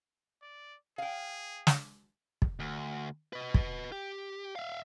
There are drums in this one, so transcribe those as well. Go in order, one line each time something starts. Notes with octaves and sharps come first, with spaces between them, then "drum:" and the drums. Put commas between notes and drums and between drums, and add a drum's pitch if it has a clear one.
D5
G#4 F5 G5
drum: snare
drum: kick
D2
B4 D#5
drum: kick
G4
E5 F5